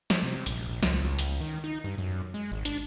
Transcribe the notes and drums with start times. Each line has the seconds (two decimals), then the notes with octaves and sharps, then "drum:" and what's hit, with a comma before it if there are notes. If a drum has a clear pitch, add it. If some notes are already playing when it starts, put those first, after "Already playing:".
0.10 drum: snare
0.23 C3
0.46 A#1, drum: hi-hat
0.69 A#1
0.83 C#2, drum: snare
1.19 drum: hi-hat
1.40 D#3
1.64 D#4
1.84 G2
1.98 F#2
2.34 G#3
2.52 G#1
2.65 D4, drum: hi-hat